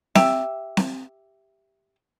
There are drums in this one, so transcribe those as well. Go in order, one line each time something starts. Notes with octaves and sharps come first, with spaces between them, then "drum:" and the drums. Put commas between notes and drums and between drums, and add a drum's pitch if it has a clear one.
G4 E5, drum: snare C4
drum: snare C4